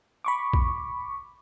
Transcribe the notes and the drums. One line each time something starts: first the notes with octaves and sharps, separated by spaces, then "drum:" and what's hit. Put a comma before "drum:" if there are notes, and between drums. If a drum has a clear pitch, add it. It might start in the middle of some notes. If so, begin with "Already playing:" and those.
B5 C#6 D6
drum: kick